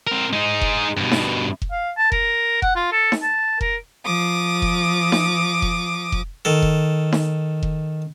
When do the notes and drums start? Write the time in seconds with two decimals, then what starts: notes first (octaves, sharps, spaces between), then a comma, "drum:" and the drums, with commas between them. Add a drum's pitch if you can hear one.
0.07 C4 A#4
0.33 G#3 D#4
0.61 drum: kick F1
0.97 G2 B2
1.12 drum: snare D#4
1.62 drum: kick F1
1.71 F5
1.98 A5
2.12 A#4, drum: kick F1
2.62 F#5, drum: kick F1
2.75 F4
2.92 A4
3.12 drum: snare D#4
3.22 A5
3.61 A#4, drum: kick F1
4.04 F3 D6 D#6
4.62 drum: kick F1
5.12 drum: snare D#4
5.62 drum: kick F1
6.12 drum: kick F1
6.45 D#3 A4
6.62 drum: kick F1
7.12 drum: snare D#4
7.63 drum: kick F1